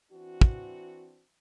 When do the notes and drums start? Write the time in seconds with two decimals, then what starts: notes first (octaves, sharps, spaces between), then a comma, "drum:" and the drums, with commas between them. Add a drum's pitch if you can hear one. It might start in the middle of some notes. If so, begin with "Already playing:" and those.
0.12 E3 C4 D4 F#4
0.41 drum: kick